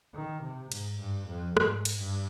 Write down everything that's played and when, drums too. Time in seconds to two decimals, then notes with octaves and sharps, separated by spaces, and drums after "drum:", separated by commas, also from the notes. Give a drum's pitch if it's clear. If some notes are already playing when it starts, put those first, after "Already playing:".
0.15 D#3
0.43 C3
0.72 G#2, drum: cymbal
1.00 G2
1.28 F2
1.57 G#2, drum: rim click
1.85 drum: cymbal
1.99 G2